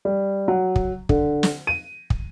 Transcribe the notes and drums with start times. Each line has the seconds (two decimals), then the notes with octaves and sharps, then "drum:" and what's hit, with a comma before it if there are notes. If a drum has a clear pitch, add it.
0.05 G3
0.48 F#3
0.76 drum: kick
1.09 D3, drum: kick
1.43 drum: snare
1.67 D#7
2.10 drum: kick